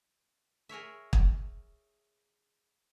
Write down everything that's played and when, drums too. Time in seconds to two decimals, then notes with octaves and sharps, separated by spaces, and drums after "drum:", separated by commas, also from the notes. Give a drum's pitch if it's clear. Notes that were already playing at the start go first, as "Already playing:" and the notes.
0.69 G#4 A#4 C#5 E5
1.13 drum: kick